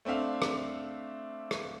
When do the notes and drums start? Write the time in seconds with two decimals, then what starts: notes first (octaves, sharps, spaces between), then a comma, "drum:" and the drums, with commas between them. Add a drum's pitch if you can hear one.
0.05 A3 C4 D4 E5 F5
0.42 drum: rim click
1.51 drum: rim click